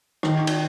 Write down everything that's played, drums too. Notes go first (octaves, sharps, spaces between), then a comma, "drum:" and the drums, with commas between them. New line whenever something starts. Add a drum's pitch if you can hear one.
D#3, drum: rim click
drum: cymbal